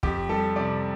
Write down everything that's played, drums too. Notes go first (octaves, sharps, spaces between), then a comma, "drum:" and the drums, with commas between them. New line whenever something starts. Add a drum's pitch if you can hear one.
F2 G4, drum: kick
G3 A4
C3 D5